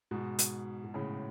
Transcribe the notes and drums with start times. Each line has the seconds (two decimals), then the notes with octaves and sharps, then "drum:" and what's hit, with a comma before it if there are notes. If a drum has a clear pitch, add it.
0.11 G#2 B2
0.39 drum: hi-hat
0.84 B2
0.94 A2 C#3